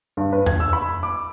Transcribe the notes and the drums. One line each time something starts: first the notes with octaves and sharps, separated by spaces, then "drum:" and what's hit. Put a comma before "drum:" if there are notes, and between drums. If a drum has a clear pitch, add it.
G2
B4
G#6, drum: tom F2
E6
B5
D6